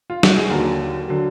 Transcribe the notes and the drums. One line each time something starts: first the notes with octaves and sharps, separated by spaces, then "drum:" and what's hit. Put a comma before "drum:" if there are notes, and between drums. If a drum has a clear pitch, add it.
F4
F#4, drum: snare
G#4
D#2 D3 F#3 A#4
D3 F#3